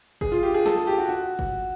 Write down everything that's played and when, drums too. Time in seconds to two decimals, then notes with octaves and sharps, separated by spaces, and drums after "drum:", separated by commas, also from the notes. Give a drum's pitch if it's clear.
0.21 G#4, drum: kick
0.32 F4
0.43 G4
0.54 G#4
0.66 A4, drum: snare
0.77 G#4
0.87 G4
0.98 F#4
1.09 F#4
1.39 drum: kick